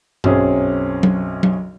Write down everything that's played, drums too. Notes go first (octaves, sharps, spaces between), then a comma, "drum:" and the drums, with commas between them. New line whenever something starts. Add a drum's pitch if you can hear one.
B1 F#2 C4 C#4 G#4, drum: tom G2
drum: tom F#3
drum: tom F#3